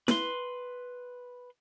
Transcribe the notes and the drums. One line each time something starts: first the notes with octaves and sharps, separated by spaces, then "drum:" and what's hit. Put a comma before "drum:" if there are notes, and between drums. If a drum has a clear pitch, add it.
B4 C6, drum: snare E4